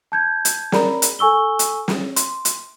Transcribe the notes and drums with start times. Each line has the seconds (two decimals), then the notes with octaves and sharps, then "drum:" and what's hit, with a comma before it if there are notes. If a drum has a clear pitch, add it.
0.12 A5 G6 G#6
0.45 drum: hi-hat
0.72 G#4 A#4 D5 A#5 B5, drum: snare
1.02 drum: hi-hat
1.19 A4 G#5 C#6 E6 G7
1.59 drum: hi-hat
1.88 drum: snare
2.16 C6, drum: hi-hat
2.45 drum: hi-hat